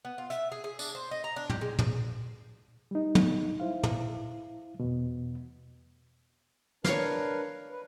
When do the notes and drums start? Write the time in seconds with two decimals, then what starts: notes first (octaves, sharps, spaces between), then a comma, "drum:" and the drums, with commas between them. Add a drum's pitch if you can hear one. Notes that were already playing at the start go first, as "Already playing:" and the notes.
0.05 B3
0.18 F4
0.30 E5, drum: hi-hat
0.52 G#4
0.64 G#4
0.79 D4, drum: tambourine
0.95 C5
1.11 D#5
1.24 A#5
1.36 D4
1.50 G4, drum: tom
1.61 G#3
1.79 drum: tom
2.91 G3 D#4
3.15 drum: tom
3.60 E4 C5 F5
3.83 drum: tom
4.80 E2 B2
6.85 D4 A#4 B4 C#5 F5, drum: snare
7.69 B4